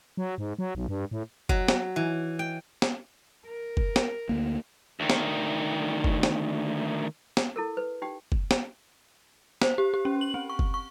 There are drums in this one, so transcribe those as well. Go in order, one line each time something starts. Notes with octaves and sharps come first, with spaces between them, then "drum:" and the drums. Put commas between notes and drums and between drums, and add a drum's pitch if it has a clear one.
F#3
G#2
F#3
B1
G2
A2
F#3, drum: kick
drum: snare
E3
G5
drum: snare
A#4
drum: kick
drum: snare
D2 A#3
D2 D#3
drum: snare
drum: kick
drum: snare
drum: snare
E4 A4 A#4
B4
D#4 G4 G5
drum: kick
drum: snare
C5, drum: snare
G4
G4
C#4
F#7
C4
C#6
drum: kick
C#6